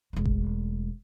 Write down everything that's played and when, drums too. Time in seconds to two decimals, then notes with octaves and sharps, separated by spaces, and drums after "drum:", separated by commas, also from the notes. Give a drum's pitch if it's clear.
0.13 E1 A3
0.26 drum: kick G#1